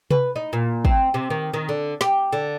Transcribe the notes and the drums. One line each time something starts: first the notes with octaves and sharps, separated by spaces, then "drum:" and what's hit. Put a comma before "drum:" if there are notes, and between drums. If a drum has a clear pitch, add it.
B4, drum: tom C3
D#4
A#2
C4, drum: kick
C3
D#3
D#3
D3
G4, drum: snare
D3